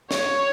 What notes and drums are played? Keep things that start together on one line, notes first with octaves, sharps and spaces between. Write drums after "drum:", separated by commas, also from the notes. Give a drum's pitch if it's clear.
C#5, drum: snare